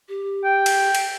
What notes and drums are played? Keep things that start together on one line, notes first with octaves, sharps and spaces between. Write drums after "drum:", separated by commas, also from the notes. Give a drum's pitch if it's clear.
G4
G5
drum: cymbal
drum: cymbal